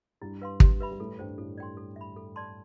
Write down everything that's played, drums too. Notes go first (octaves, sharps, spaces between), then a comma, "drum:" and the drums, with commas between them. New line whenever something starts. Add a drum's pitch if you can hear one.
G2 G3 E4
B4 F5 C6
G4, drum: kick
B4 E5 B5
G3
A2 A3 A4
G2 G3 C5 G5
A2 A3 A4
D5 G5 C6
A4
E5 B5
A4
D5 A5 C6